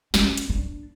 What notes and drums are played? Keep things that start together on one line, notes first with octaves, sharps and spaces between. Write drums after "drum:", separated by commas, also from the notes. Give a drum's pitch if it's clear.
C#4, drum: snare
drum: hi-hat
D4